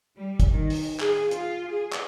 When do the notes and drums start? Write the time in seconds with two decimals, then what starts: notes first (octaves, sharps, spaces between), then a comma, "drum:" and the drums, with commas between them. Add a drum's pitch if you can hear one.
0.17 G3
0.40 drum: kick, hi-hat
0.50 D#3
0.70 drum: open hi-hat
1.00 G#4, drum: clap
1.31 F4, drum: hi-hat
1.70 G#4
1.93 drum: clap